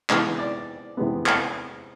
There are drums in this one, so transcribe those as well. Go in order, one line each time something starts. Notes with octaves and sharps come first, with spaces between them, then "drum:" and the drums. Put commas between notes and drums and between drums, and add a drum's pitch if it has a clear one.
C3 E3 G#3 B3 D#5, drum: clap
D5
C3 E3 G#3 B3
drum: clap